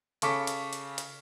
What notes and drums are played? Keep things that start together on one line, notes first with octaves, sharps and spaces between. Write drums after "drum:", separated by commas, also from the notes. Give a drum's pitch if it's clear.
C#3 A4 C#6 D6 B6, drum: hi-hat
drum: hi-hat
drum: hi-hat
drum: hi-hat